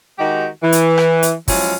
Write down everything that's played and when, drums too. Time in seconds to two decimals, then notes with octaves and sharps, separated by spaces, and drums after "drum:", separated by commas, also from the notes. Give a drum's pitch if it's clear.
0.19 D#3 G#3 D#4 F#4 G4
0.63 E3
0.72 drum: hi-hat
0.98 drum: rim click
1.23 drum: hi-hat
1.48 F3 F#3 G#3 C#4 E4 F4, drum: kick, open hi-hat